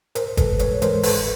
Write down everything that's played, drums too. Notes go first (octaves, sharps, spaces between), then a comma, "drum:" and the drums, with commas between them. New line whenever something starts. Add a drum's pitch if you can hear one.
G#2 A#4 C5, drum: hi-hat
E3 G#3 A4 B4, drum: kick, hi-hat
G#2 B4 C#5, drum: hi-hat
E3 G#3 A#4 C5, drum: hi-hat
G1 A4 B4, drum: open hi-hat